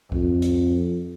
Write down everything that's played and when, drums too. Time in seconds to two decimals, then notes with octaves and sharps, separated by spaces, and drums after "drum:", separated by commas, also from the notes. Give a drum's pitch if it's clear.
0.12 F2, drum: kick C2
0.42 drum: hi-hat